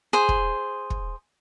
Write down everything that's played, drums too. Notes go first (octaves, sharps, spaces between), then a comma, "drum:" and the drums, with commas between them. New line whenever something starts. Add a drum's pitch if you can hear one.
G#4 C5
drum: kick
drum: kick